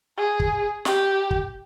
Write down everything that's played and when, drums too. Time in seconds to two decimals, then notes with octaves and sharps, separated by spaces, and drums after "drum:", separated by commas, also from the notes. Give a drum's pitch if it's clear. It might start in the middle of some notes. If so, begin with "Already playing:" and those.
0.17 G#4
0.40 drum: kick
0.85 G4, drum: snare
1.31 drum: kick